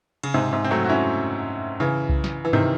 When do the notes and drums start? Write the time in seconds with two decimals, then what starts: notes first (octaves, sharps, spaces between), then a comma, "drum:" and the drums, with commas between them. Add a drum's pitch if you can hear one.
0.23 C#3, drum: cymbal
0.34 G#2 C3
0.52 G#2 C3
0.64 C4
0.71 F#3 A3
0.85 F#4
0.89 C#4 E4
1.80 C#3 E3
2.09 drum: kick C2
2.24 drum: snare
2.45 E3
2.53 C3 D#3, drum: tom G2